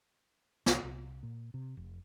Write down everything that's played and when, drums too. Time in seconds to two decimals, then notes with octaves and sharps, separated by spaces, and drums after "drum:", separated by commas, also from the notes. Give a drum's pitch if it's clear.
0.66 C2, drum: snare
0.83 C2
1.23 A#2
1.54 C3
1.77 F1